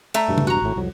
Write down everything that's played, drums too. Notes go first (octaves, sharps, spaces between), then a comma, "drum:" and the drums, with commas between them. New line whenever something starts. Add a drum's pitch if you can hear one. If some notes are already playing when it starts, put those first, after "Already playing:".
A3 E5 A#5, drum: cymbal
E1 G2 B2
drum: tom C#3
F#4 A#5
G#1 A2
C2 F2 F#3